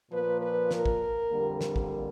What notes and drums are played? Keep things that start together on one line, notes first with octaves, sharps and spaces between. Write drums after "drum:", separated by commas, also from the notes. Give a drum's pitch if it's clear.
A#2 F3 A#3 B4
B4
A#4, drum: snare
drum: kick
F2 D3 G3 A#3
drum: snare
drum: kick